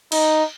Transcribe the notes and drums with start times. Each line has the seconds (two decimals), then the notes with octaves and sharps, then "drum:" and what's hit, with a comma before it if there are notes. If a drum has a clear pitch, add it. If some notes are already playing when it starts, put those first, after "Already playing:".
0.12 D#4, drum: cymbal